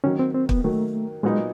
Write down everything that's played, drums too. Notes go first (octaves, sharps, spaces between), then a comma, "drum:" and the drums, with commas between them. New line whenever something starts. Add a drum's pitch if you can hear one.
D#3 F#3 A#3 C#4
C4
C4
B3, drum: kick
D#3 F#3 A3 A#3
A#2 F#3 G#3 B3 D#4